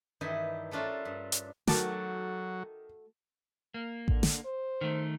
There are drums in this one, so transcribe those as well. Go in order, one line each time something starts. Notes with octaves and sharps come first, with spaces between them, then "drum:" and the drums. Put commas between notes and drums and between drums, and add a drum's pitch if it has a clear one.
G2 D#3 E3 D#4 E4 G#5
A3 C#4 D4 F4 A4 A#4
G2
drum: hi-hat
D#3 F#3 A3 F#4 A5 D6, drum: snare
A#3
D3, drum: kick A1
drum: snare
C5
D#3 A3